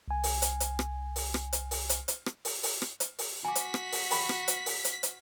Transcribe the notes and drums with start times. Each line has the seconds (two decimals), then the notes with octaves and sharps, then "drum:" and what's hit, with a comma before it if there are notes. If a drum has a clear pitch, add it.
0.08 C2 G#5
0.23 drum: open hi-hat
0.42 drum: hi-hat
0.60 drum: hi-hat
0.79 drum: rim click
1.16 drum: open hi-hat
1.34 drum: rim click
1.53 drum: hi-hat
1.71 drum: open hi-hat
1.89 drum: hi-hat
2.08 drum: hi-hat
2.26 drum: rim click
2.45 drum: open hi-hat
2.63 drum: open hi-hat
2.82 drum: rim click
3.00 drum: hi-hat
3.19 drum: open hi-hat
3.45 F#4 G#5 D6 B6
3.55 drum: hi-hat
3.74 drum: rim click
3.92 drum: open hi-hat
4.11 G5 B5 C#6, drum: open hi-hat
4.29 drum: rim click
4.48 drum: hi-hat
4.66 drum: open hi-hat
4.84 drum: hi-hat
5.03 drum: hi-hat